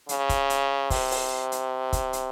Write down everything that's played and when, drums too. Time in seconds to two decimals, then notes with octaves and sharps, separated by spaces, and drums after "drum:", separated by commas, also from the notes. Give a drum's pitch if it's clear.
0.09 C#3, drum: hi-hat
0.29 drum: kick, hi-hat
0.50 drum: hi-hat
0.90 C3, drum: kick, open hi-hat
1.11 drum: open hi-hat
1.52 drum: hi-hat
1.93 drum: kick, hi-hat
2.13 drum: hi-hat